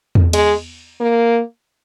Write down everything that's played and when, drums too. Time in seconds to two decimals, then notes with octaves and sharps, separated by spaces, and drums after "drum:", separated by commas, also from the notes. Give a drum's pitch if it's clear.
0.15 drum: tom E2
0.33 G#3, drum: cymbal
1.00 A#3